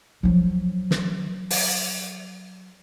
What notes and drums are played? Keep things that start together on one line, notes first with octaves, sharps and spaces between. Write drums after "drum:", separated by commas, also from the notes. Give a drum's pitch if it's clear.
F3 F#3
drum: snare
drum: open hi-hat